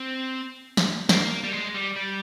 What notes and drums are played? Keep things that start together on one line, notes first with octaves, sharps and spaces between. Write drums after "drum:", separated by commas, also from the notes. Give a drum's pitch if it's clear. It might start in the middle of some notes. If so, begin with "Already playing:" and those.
Already playing: C4
drum: snare
A#3, drum: snare
G3
G#3
G3
G3